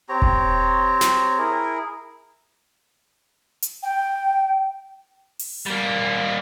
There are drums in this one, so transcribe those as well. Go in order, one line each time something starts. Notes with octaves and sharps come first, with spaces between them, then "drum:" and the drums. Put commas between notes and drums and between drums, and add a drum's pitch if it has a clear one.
C4 G4 C#5 A#5
drum: kick D#1
drum: snare
E4 G#4 A#4
drum: hi-hat
G5
drum: open hi-hat
G3 A#3